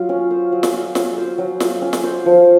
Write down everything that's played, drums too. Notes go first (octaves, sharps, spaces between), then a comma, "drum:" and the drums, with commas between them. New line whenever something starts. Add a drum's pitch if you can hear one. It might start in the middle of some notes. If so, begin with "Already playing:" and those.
Already playing: F#3 F4
C#4
C5
F#3
drum: snare
F4
C#4, drum: snare
C5
F#3
F4, drum: snare
C#4
drum: snare
C5
F3